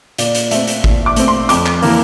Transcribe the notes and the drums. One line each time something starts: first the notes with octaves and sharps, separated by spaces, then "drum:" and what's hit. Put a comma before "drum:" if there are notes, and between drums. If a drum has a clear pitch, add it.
A#2 D5, drum: hi-hat
drum: hi-hat
A3 C4 E5, drum: hi-hat
drum: hi-hat
A#2, drum: kick G#1
D6
A3 C4, drum: hi-hat
C6
F2 D6, drum: hi-hat
drum: clap
E3 A#3, drum: open hi-hat